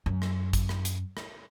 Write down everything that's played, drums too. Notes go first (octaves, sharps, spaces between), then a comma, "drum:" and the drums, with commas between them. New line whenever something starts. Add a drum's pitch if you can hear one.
F#2
drum: rim click
drum: kick G#1, hi-hat
drum: rim click
drum: hi-hat
drum: rim click